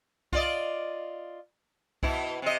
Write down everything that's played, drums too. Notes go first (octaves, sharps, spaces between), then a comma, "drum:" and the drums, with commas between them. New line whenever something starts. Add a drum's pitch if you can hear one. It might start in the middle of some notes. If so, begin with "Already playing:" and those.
F4 D5 D#5, drum: kick C2
B2 E4, drum: kick C2
C3 D#5